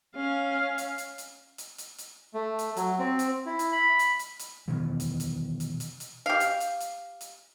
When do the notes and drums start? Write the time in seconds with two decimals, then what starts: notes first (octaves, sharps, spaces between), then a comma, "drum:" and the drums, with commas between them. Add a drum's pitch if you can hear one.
0.15 C#4 F5
0.78 drum: hi-hat
0.98 drum: hi-hat
1.18 drum: hi-hat
1.58 drum: hi-hat
1.78 drum: hi-hat
1.98 drum: hi-hat
2.34 A3
2.59 drum: hi-hat
2.77 F#3, drum: hi-hat
2.99 C4
3.19 drum: hi-hat
3.46 E4
3.59 drum: hi-hat
3.72 B5
3.99 drum: hi-hat
4.19 drum: hi-hat
4.39 drum: hi-hat
4.68 B2 D#3 E3
5.00 drum: hi-hat
5.20 drum: hi-hat
5.60 drum: hi-hat
5.80 drum: hi-hat
6.00 drum: hi-hat
6.26 G4 F5
6.40 drum: hi-hat
6.60 drum: hi-hat
6.80 drum: hi-hat
7.21 drum: hi-hat